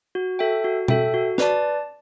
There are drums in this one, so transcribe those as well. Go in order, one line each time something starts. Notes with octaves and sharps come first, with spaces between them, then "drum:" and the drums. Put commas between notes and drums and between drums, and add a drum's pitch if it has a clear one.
F#4
A4 E5 G5
F#4
A4 E5 G5, drum: tom B2
F#4
B4 D5 A5, drum: snare